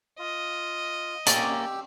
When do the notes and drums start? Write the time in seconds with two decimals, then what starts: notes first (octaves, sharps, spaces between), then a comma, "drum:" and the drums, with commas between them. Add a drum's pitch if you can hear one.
0.19 F4 D#5
1.27 A#3 C#4 G4 D5 E6, drum: hi-hat